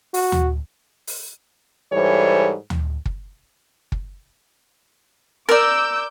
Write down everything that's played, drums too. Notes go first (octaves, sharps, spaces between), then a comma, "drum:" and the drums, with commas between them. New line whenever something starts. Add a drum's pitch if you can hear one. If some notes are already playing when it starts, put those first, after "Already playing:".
F#4, drum: open hi-hat
drum: tom D2
drum: open hi-hat
G#2 E3 G3 A4 C5 C#5
drum: tom D2
drum: kick
drum: kick
A#4 D5 D6 E6 G6